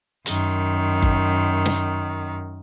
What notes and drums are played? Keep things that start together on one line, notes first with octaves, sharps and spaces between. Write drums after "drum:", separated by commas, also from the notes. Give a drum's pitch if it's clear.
F#2 D#3, drum: hi-hat
drum: kick F#1
drum: snare